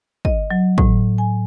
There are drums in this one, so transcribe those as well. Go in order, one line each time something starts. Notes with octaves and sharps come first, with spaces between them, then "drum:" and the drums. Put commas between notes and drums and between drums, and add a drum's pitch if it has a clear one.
D#5, drum: kick
F#3
A2, drum: kick
G#5